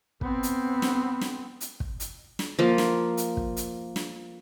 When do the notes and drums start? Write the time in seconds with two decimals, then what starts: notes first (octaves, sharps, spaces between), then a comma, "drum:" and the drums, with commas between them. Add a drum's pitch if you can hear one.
0.21 B3 C4, drum: kick
0.43 drum: hi-hat
0.82 drum: snare
1.21 drum: snare
1.61 drum: hi-hat
1.80 drum: kick
2.00 drum: hi-hat
2.39 drum: snare
2.59 F3 A#3
2.78 drum: snare
3.17 drum: hi-hat
3.37 drum: kick
3.57 drum: hi-hat
3.96 drum: snare